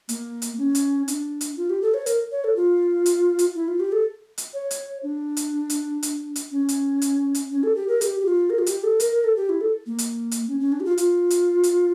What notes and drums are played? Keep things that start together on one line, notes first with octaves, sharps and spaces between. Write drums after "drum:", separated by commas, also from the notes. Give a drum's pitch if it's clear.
A#3, drum: hi-hat
drum: hi-hat
C#4
drum: hi-hat
D4, drum: hi-hat
drum: hi-hat
F4
G4
A4
C#5
A#4, drum: hi-hat
C#5
A4
F4
drum: hi-hat
drum: hi-hat
E4
F4
G4
A4
drum: hi-hat
C#5
drum: hi-hat
D4
drum: hi-hat
drum: hi-hat
drum: hi-hat
drum: hi-hat
C#4
drum: hi-hat
drum: hi-hat
drum: hi-hat
C#4
A4
G4
A#4
G4, drum: hi-hat
G4
F4
A#4
F4
G4, drum: hi-hat
A4
A#4, drum: hi-hat
A#4
A4
G4
E4
A4
A#3
drum: hi-hat
drum: hi-hat
C#4
C#4
D4
G4
F4
F4, drum: hi-hat
drum: hi-hat
drum: hi-hat